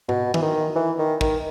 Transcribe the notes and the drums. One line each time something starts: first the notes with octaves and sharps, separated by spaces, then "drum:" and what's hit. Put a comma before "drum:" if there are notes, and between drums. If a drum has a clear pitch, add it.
B2, drum: tom G#2
E3, drum: tom
D#3
E3
D#3
D#3, drum: kick